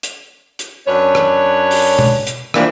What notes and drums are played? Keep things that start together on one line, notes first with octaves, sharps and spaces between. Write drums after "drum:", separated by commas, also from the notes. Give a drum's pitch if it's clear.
drum: hi-hat
drum: hi-hat
F#2 D4 B4 C#5
drum: rim click
drum: open hi-hat
drum: tom
drum: hi-hat
E3 F3 G3 A#3 D4, drum: rim click